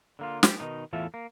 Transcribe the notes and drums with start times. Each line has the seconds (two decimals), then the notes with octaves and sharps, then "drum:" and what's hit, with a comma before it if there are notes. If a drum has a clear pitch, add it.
0.19 D3 A#3 F4
0.43 G4, drum: snare
0.60 B2 D#3 D#4
0.93 E2 A2 E3 F4 A4 E5
1.14 A#3